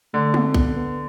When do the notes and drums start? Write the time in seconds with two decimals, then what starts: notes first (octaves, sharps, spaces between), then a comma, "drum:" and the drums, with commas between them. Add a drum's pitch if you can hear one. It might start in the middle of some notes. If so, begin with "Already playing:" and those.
0.13 D3 A3
0.34 C4, drum: tom G#3
0.54 B3, drum: kick B1
0.76 B3